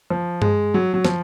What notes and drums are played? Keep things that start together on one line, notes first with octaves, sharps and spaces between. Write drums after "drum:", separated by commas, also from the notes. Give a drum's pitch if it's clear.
F3
G#3, drum: tom G2
F#3
F#3
F3, drum: snare